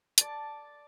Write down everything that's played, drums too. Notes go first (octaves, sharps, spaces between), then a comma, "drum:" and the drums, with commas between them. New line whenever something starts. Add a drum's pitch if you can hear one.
D5 A5, drum: hi-hat